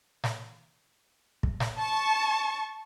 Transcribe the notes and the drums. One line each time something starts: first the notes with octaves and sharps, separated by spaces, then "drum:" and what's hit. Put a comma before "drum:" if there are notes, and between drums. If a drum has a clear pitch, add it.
drum: snare
drum: kick
drum: snare
A5 C#6